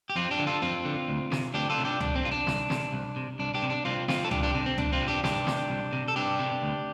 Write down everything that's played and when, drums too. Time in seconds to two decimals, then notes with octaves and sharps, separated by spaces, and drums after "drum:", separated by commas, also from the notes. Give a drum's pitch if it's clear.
0.10 G4
0.16 F2 C4 F4
0.31 D4 G4
0.39 D3
0.47 F4 A4
0.62 F2 C4 F4
0.85 D3
1.08 D2
1.32 C3, drum: snare
1.54 D2 D4 G4
1.70 F4 A4
1.78 C3
1.85 D4 G4
2.00 C2 D4, drum: tom
2.15 C4
2.23 C3 F4
2.31 D4
2.47 C2, drum: snare
2.70 C3, drum: snare
2.93 C2
3.16 C3
3.39 C2 D4
3.54 D4 G4
3.62 C3
3.70 D4
3.85 C2 C4 F4
4.08 C3 C4 F4, drum: snare
4.25 A4
4.31 C2 D4 G4, drum: tom
4.43 D4 G4
4.54 C3 D4
4.66 C4
4.78 C2 D4, drum: tom
4.93 C4 F4
5.00 C3
5.08 D4 G4
5.24 C2 D4 G4, drum: snare
5.47 C3, drum: snare
5.70 C2
5.93 C3
6.08 A4
6.16 C2 D4 G4
6.39 C3
6.62 D2